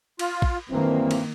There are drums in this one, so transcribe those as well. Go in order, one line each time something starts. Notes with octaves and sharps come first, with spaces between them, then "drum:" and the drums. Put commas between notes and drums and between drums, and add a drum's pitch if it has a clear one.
F4, drum: cymbal
drum: kick
G2 D#3 E3 F#3 A#3 C4
drum: cymbal